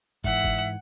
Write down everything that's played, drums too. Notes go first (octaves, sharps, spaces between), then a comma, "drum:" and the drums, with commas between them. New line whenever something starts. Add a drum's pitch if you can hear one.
G#2 E3 E5 F#5, drum: kick
drum: kick